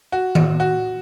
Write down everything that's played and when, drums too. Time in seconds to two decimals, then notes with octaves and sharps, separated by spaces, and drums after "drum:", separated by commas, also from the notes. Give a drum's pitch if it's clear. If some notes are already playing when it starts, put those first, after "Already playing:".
0.12 F#4
0.35 drum: tom D#3
0.60 F#4